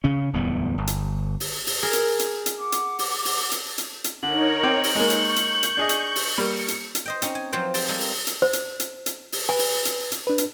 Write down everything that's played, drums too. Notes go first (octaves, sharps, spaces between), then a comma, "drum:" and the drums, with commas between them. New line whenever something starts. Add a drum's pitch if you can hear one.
C#3 C#4
D1 E2 G3 B3
G1
drum: hi-hat
drum: open hi-hat
drum: open hi-hat
G#4 A#4
drum: hi-hat
drum: hi-hat
drum: hi-hat
F#5 D6
drum: hi-hat
drum: open hi-hat
drum: open hi-hat
drum: hi-hat
drum: hi-hat
drum: hi-hat
D3 D#4 A#4 C#5 F#7
C4 G5 D6
drum: open hi-hat
G#3 A#3 C#6 G6
drum: hi-hat
drum: hi-hat
drum: hi-hat
D4 G#4 D#5
drum: hi-hat
drum: open hi-hat
G3 A#3 C#7
drum: hi-hat
drum: hi-hat
C5 D#5 G5
C4 C#4 D#4, drum: hi-hat
G#5
F3 F#3 C4 F4 C5 G5
C5 G5 A5, drum: open hi-hat
G3 G#3 A#3 A4 D#5
drum: open hi-hat
drum: hi-hat
C5
drum: hi-hat
drum: hi-hat
drum: hi-hat
drum: open hi-hat
B4 G#5
drum: open hi-hat
drum: hi-hat
drum: hi-hat
D4 B4
drum: hi-hat